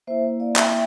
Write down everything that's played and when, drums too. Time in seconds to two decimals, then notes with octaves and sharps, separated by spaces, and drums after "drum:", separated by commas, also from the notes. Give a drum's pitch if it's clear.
0.07 A#3 E4 C5 E5
0.40 D5 F5
0.56 E5 G5, drum: clap